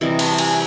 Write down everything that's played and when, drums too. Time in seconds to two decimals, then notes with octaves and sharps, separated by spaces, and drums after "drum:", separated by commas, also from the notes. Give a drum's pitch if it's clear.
0.01 C3 E3 G3 D#5
0.19 A5, drum: cymbal
0.38 G#5, drum: cymbal